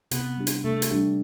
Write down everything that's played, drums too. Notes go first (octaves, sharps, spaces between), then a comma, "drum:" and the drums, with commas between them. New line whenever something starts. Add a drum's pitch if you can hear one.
C3 B3, drum: hi-hat
G3 D4 G4
drum: hi-hat
C3 A3
drum: hi-hat
G3 D4 G4